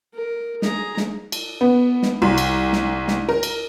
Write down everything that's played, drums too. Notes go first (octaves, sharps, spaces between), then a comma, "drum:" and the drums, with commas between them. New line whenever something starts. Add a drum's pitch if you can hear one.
A#4
G#4 A#5, drum: snare
drum: snare
drum: cymbal
B3
drum: snare
C2
drum: cymbal
drum: snare
drum: snare
A#4
drum: cymbal